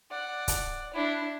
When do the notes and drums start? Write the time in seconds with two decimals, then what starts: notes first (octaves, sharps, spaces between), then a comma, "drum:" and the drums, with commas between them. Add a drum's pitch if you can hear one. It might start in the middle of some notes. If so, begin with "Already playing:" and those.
0.11 D5 F#5
0.48 drum: kick, hi-hat
0.94 D4 E4